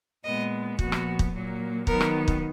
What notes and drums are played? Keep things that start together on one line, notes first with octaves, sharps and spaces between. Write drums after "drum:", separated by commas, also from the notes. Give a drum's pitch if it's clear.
A#2 G#3 B3 D#5
A#2 F3 B3 F#4, drum: kick
drum: rim click
drum: kick
A#2 F#3 A#3
D#3 F#3 B3 A#4, drum: kick
drum: rim click
drum: kick